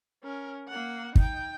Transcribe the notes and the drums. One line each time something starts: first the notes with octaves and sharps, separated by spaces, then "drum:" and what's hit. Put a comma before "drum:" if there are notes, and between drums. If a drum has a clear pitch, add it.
C#4 A#4
A#3 F#5
D#4 G5, drum: kick